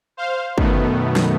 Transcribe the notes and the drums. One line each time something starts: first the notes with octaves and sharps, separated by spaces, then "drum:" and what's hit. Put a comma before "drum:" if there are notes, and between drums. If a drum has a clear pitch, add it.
C5 F5
F#2 B2 D#3 A3 B3, drum: kick
drum: snare